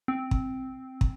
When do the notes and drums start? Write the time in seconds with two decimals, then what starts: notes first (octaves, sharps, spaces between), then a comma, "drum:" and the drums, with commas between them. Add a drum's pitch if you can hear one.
0.08 C4
0.31 drum: kick
1.01 drum: kick